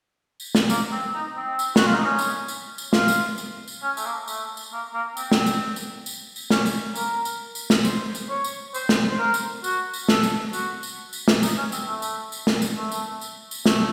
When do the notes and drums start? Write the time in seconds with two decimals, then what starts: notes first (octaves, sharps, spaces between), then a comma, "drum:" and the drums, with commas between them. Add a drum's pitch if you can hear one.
0.40 drum: tambourine
0.55 drum: snare
0.70 A#3, drum: tambourine
0.92 C4
1.14 D#4
1.36 C4
1.59 drum: tambourine
1.76 F#4, drum: snare
1.86 F4
1.94 D#4
2.04 C#4
2.19 drum: tambourine
2.48 drum: tambourine
2.78 drum: tambourine
2.93 F4, drum: snare
3.08 drum: tambourine
3.38 drum: tambourine
3.68 drum: tambourine
3.83 C#4
3.97 A3, drum: tambourine
4.05 A#3
4.28 A3, drum: tambourine
4.57 drum: tambourine
4.72 A#3
4.94 A#3
5.17 C4, drum: tambourine
5.32 drum: snare
5.46 drum: tambourine
5.76 drum: tambourine
6.06 drum: tambourine
6.36 drum: tambourine
6.50 C#4, drum: snare
6.66 drum: tambourine
6.95 A#4, drum: tambourine
7.25 drum: tambourine
7.55 drum: tambourine
7.70 drum: snare
7.85 C5, drum: tambourine
8.15 drum: tambourine
8.30 C#5
8.44 drum: tambourine
8.74 C5, drum: tambourine
8.89 drum: snare
9.10 C5
9.19 A#4
9.34 drum: tambourine
9.64 F#4, drum: tambourine
9.94 drum: tambourine
10.09 A4, drum: snare
10.23 drum: tambourine
10.53 F#4, drum: tambourine
10.83 drum: tambourine
11.13 drum: tambourine
11.28 drum: snare
11.43 D#4, drum: tambourine
11.57 C#4
11.72 C4, drum: tambourine
11.87 A3
12.02 drum: tambourine
12.32 drum: tambourine
12.47 drum: snare
12.62 drum: tambourine
12.77 A3
12.92 drum: tambourine
13.21 drum: tambourine
13.51 drum: tambourine
13.66 A3, drum: snare